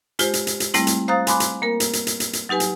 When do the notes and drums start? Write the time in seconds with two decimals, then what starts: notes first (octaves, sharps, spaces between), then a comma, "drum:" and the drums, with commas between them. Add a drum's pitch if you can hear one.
0.19 G#3 F4 G4 C5, drum: hi-hat
0.33 drum: hi-hat
0.47 drum: hi-hat
0.60 drum: hi-hat
0.74 G3 A3 C4 E4, drum: hi-hat
0.87 drum: hi-hat
1.08 C5 F5 A#5 D#6 F#6 A6
1.27 G#5 B5 C6 D6 F#6, drum: hi-hat
1.40 drum: hi-hat
1.62 A#3 A#4
1.80 drum: hi-hat
1.93 drum: hi-hat
2.07 drum: hi-hat
2.20 drum: hi-hat
2.33 drum: hi-hat
2.49 F#3 D#4 G4 B4 G#5
2.60 drum: hi-hat